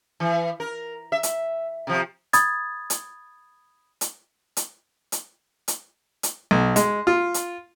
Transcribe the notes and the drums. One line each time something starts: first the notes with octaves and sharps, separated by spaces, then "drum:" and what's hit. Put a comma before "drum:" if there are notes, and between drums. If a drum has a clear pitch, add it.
E3
A#4
E5
drum: hi-hat
C3 F3
B5 D#6 G#6 A6, drum: hi-hat
drum: hi-hat
drum: hi-hat
drum: hi-hat
drum: hi-hat
drum: hi-hat
drum: hi-hat
B1
G#3, drum: hi-hat
F4
drum: hi-hat